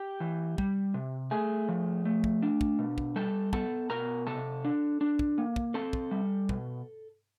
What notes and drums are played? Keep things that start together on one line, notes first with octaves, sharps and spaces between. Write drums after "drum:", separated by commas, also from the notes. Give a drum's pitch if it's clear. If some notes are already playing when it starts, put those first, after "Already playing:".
Already playing: G4 G5
E3
G3, drum: kick
C3
A3 G#4 G#5
F3
A3
drum: kick
D4
drum: kick
B2
drum: kick
G3 A4 A5
B3 A4 A5, drum: kick
B2 A#4 A#5
C3 A4 A5
D4
D4
drum: kick
A#3
drum: kick
C4 A4 A5
drum: kick
G3
B2, drum: kick